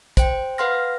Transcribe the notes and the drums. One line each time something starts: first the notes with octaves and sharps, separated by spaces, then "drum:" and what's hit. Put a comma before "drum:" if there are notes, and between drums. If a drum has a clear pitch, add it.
C5 G5, drum: kick, hi-hat
B4 F5 F#5 C6 F6 A#6